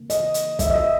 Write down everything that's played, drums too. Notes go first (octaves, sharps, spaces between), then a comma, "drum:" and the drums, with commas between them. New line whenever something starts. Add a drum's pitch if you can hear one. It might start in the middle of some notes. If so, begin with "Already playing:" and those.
Already playing: C#3 E3 A#3
D#5, drum: hi-hat
drum: hi-hat
E5, drum: kick, hi-hat
D#5
E5